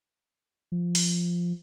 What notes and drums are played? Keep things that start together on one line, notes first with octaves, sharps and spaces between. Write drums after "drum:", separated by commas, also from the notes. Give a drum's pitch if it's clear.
F3
drum: open hi-hat